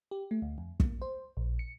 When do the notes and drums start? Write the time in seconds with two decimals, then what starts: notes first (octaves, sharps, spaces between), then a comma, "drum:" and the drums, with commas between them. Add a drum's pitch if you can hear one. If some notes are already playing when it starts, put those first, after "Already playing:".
0.11 G4
0.31 A3
0.42 D2
0.58 F2
0.80 A#3, drum: kick
1.02 C5
1.37 A#1
1.59 C#7